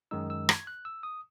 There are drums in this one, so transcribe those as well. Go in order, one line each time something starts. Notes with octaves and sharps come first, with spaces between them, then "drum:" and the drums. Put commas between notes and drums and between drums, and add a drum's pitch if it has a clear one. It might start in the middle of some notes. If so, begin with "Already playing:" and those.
F#2 D#3 G#3 D#4 E6
E6
G#6, drum: rim click
F#6
E6
D#6